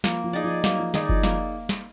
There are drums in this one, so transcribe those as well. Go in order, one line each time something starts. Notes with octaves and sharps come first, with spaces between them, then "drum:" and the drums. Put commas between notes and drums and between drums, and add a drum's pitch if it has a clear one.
F3 A#3, drum: snare
F3
D#4 G#4 D5
F3
F#3 A#3, drum: snare
F3
D#3 D#4 G#4 D5, drum: snare
F3, drum: kick F#1
F3 A#3, drum: snare
drum: snare